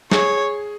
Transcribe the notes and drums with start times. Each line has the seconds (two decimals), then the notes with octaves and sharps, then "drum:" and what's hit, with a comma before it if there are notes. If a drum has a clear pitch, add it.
0.12 G#4 C#5, drum: snare